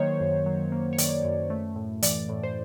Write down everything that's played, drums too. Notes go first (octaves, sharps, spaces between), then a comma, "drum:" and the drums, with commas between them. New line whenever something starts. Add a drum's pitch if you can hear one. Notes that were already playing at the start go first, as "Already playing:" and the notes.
Already playing: D#3 F#3 A#3 C5 C#5
F#2
F#3
A#3
C#5
D#3 D5, drum: hi-hat
F#2
A3
A2
E3 D5, drum: hi-hat
A2
C5